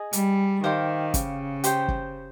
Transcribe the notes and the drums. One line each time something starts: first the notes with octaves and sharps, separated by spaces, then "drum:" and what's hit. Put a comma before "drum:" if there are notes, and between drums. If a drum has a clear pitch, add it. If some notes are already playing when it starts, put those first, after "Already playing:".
Already playing: G#4 D#5 G#5
G3, drum: hi-hat
D#3 G4 C5 F5 C6
C#3, drum: kick, hi-hat
G4 C5 G5, drum: hi-hat
drum: kick